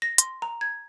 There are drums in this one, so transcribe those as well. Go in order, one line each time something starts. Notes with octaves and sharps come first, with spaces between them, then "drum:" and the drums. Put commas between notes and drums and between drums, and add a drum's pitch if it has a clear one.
A#6
C6, drum: hi-hat
A#5
G#6